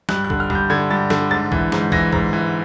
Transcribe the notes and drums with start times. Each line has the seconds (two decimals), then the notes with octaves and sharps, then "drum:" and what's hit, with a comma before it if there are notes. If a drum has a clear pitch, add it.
0.09 G2 F#6, drum: snare
0.25 F#6
0.30 D3, drum: kick
0.40 F6
0.50 G2, drum: kick
0.55 G6
0.70 D3 G#6
0.91 G2 A6
1.10 D3, drum: snare
1.30 G#2 A6
1.52 E3, drum: kick
1.72 G#2, drum: snare
1.92 E3 A#6, drum: kick
2.12 G#2, drum: kick
2.33 E3